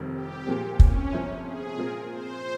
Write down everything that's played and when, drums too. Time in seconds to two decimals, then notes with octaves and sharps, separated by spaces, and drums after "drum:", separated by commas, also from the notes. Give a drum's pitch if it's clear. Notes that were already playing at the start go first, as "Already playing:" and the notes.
Already playing: F1 F2 D#3 G3
0.14 G4
0.47 A#2 F3 G#3 C4
0.79 C#4, drum: kick
1.13 G1 F2 C3 F3
1.45 G#4
1.77 A#2 G#3 C4 F4 A#4
2.11 C5